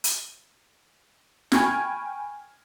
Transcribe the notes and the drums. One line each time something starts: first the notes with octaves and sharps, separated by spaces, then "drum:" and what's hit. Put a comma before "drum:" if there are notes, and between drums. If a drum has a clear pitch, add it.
drum: hi-hat
G5 G#5 B5 C#6 F6 G#6, drum: snare